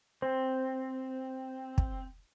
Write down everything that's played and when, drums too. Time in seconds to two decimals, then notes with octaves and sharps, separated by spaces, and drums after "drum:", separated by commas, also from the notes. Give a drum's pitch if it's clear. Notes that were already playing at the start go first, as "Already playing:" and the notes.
0.22 C4 C5
1.78 drum: kick